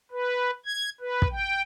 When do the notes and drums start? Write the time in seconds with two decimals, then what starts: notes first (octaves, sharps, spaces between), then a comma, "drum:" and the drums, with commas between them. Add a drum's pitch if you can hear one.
0.12 B4
0.66 G#6
1.01 B4
1.22 drum: kick
1.31 G5